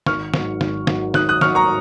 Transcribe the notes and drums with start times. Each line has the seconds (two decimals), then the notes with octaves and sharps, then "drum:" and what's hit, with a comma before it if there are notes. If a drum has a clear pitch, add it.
0.06 G#1 C#6 F6, drum: snare
0.34 G#2 F#3, drum: snare
0.61 G#1, drum: snare
0.87 G#2 F#3, drum: snare
1.14 G#1 D#6 F#6, drum: snare
1.29 D#6 F#6
1.41 G#2 F#3 C#6 F6, drum: snare
1.55 A#5 C#6